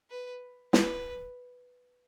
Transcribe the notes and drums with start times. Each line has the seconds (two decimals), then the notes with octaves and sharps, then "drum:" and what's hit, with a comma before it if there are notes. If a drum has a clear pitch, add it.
0.10 B4
0.73 B4, drum: snare